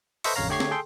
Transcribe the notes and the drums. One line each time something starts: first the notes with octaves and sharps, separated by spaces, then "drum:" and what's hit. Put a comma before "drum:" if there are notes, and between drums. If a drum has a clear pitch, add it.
A4 B4 C5 D#5 E5 C#6, drum: open hi-hat
A1 F2 C#3 C#5 F5 A#5
D3 A3 G4 C#5 G#6 C7
drum: snare
G#4 A4 G5 C6